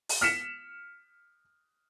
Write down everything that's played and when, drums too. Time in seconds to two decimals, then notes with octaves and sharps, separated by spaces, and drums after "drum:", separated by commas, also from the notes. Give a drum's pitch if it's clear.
0.09 drum: open hi-hat
0.21 F6 B6 C#7 E7